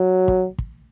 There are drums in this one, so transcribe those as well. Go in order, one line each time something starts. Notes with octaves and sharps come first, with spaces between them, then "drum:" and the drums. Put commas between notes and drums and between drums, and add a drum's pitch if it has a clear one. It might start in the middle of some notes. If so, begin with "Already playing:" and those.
Already playing: F#3
drum: kick
drum: kick